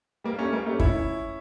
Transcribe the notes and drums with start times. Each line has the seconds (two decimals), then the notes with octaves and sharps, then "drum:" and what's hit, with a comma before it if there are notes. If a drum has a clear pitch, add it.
0.24 G3 A#3
0.38 A3 C#4
0.53 G3 A#3
0.66 A3 C#4
0.80 C#4 E4, drum: kick